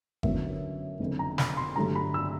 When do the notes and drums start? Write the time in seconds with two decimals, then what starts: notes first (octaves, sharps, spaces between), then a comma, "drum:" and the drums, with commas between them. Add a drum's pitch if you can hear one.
0.23 F#2 D3 F#3 B3 E4 E5, drum: kick G1
1.00 F#1 F2 D3
1.19 A#5
1.38 B5, drum: snare
1.57 C6
1.76 G1 G2 D3 F#3 A3 A#5
1.96 B5
2.14 E6